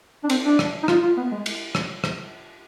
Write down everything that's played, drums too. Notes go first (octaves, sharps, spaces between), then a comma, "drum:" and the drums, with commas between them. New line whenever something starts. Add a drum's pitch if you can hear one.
D4
C4, drum: cymbal
D4
drum: rim click
D#4
F4, drum: rim click
F4
B3
G#3
drum: cymbal
drum: rim click
drum: rim click